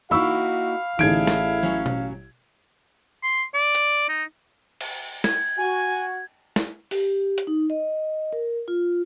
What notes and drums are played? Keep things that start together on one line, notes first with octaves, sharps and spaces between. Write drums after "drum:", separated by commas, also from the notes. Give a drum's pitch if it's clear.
A#3 D#4 E4 F#4 F5 B5 C#6 E6
A1 D#4 E4 G#4 A4 G#6 D7, drum: tom D3
drum: snare
F#3 C#4
drum: tom B2
C6
D5
drum: hi-hat
D#4
drum: cymbal
G#6, drum: snare
F#4 G#5
drum: snare
G4, drum: open hi-hat
drum: hi-hat
D#4
D#5
A#4
F4